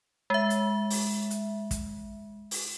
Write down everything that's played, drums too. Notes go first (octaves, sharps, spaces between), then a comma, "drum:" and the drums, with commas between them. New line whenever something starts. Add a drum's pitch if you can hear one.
G#3 E5
drum: hi-hat
drum: open hi-hat
drum: hi-hat
drum: kick, hi-hat
drum: open hi-hat